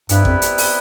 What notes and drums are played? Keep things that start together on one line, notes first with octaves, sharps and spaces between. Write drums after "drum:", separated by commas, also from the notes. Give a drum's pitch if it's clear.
G2 C3 G3 B3 E4 B4, drum: hi-hat
F2, drum: kick A1
drum: hi-hat
drum: open hi-hat